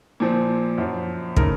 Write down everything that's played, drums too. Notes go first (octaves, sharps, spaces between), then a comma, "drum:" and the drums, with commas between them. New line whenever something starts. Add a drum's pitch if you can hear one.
A#2 F3 C4
F#2 F3 C4
C#3 A3 D#4 A#4, drum: kick